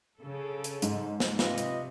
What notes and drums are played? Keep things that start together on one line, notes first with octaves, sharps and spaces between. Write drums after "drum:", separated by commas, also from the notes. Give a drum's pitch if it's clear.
C#3 A4
drum: hi-hat
G#2, drum: hi-hat
drum: snare
C3 F4 B4 D#5, drum: snare
drum: hi-hat